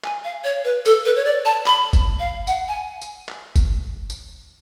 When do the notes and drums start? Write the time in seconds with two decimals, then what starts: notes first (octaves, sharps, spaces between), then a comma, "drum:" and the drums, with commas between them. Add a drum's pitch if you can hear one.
0.04 G#5, drum: clap
0.24 F5
0.44 C#5
0.64 B4
0.86 A4, drum: tambourine
1.05 B4
1.16 C#5
1.25 D5
1.45 A5
1.66 B5, drum: clap
1.93 drum: kick G1, tambourine
2.20 F5
2.47 F#5, drum: tambourine
2.68 G#5
3.01 drum: tambourine
3.29 drum: clap
3.56 drum: kick G1, tambourine
4.10 drum: tambourine